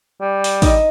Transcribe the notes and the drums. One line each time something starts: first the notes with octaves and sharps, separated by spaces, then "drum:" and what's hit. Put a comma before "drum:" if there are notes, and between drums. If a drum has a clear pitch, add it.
G3
drum: open hi-hat
D#4 D#5, drum: kick, open hi-hat